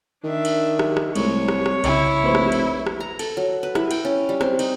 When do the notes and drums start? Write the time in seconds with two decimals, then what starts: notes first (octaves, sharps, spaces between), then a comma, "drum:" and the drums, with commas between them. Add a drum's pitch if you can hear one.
0.24 D#3 D4 E5
0.45 drum: cymbal
0.79 drum: rim click
0.97 drum: rim click
1.16 C2 G#3 A3 C#5 C#6, drum: cymbal
1.48 drum: rim click
1.66 drum: rim click
1.84 C2 C#3 E4, drum: cymbal
2.24 F1 A#3 B4 C5
2.35 drum: rim click
2.52 drum: cymbal
2.86 drum: rim click
3.00 A#5
3.19 A4, drum: cymbal
3.37 F#3
3.63 B4
3.75 E4, drum: rim click
3.91 G5, drum: cymbal
4.05 C#4
4.29 G3
4.41 C4, drum: rim click
4.59 D#4, drum: cymbal